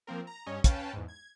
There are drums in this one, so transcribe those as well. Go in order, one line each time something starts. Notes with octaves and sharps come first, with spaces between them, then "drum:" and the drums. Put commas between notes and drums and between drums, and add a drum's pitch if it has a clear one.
F3 A#3 C4 A#4
A#5
G2 C#4 C#5 D#5
C#4 B4 F5 G5 A5, drum: kick, hi-hat
E2 G#2
G#6